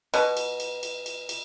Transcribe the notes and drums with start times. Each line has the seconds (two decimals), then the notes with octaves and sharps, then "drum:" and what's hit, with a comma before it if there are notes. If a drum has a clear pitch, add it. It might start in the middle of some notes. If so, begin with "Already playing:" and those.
0.14 B2, drum: cymbal
0.37 drum: cymbal
0.60 drum: cymbal
0.83 drum: cymbal
1.06 drum: cymbal
1.29 drum: cymbal